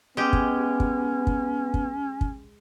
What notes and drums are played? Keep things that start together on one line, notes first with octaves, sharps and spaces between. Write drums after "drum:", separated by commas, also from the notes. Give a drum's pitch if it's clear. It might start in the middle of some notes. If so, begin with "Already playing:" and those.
G#3 B3 C#4 G4
drum: kick
drum: kick
drum: kick
drum: kick
drum: kick